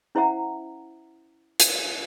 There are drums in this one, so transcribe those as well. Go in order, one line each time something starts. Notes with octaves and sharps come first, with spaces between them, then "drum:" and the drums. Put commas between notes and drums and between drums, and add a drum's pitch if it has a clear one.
C#4 E4 C5 E5 F#5 A#5
drum: hi-hat